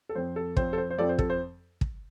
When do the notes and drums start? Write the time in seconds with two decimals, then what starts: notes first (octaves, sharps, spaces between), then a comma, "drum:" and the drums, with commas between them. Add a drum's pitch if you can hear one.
0.09 A4
0.15 F2 F3 C4 C5
0.36 A4
0.57 F2 F3 C4 C5, drum: kick
0.73 A4
0.78 C5
0.91 C5
0.98 F2 F3 C4 A4 D5
1.09 C5
1.19 A4, drum: kick
1.30 C5
1.81 drum: kick